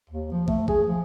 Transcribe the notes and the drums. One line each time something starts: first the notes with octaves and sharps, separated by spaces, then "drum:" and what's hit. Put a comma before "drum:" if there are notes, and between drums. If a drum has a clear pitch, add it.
D#2
F3
A3, drum: kick
G#4, drum: kick
F3